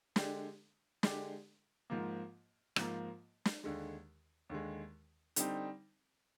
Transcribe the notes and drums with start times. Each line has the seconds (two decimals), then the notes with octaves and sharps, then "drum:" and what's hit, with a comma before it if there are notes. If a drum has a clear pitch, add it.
0.16 D3 G#3 D4 G4, drum: snare
1.03 D3 G#3 D4 G4, drum: snare
1.90 G#2 F3 A#3
2.76 G#2 F3 A#3, drum: rim click
3.45 drum: snare
3.64 D#2 D3 G#3
4.50 D#2 D3 G#3
5.36 D3 G3 C4 D#4, drum: hi-hat